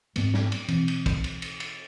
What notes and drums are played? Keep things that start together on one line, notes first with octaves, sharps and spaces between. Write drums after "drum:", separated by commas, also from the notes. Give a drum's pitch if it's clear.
G#2 A3 B3 C4, drum: cymbal
drum: snare
drum: cymbal
B2 E3 C4, drum: cymbal
drum: cymbal
drum: kick, cymbal
drum: cymbal
drum: cymbal
drum: cymbal